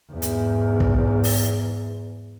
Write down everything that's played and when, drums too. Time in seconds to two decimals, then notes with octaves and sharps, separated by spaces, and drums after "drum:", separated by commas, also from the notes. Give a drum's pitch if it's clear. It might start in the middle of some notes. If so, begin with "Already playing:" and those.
0.12 E2 G#2
0.22 drum: hi-hat
0.80 drum: kick
1.24 drum: open hi-hat